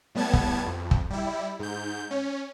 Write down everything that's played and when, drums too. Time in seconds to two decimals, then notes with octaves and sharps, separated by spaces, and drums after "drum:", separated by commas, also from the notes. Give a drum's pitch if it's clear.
0.15 A2 G3 B3 A5 G#6
0.33 drum: kick
0.66 F2
0.91 drum: kick
1.10 G3 E4
1.59 G#2 G6
2.11 C#4